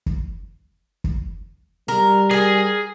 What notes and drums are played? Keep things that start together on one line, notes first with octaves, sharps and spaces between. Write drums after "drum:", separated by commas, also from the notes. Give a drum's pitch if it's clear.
drum: kick
drum: kick
G3 A#4
G#4 A#4 G#5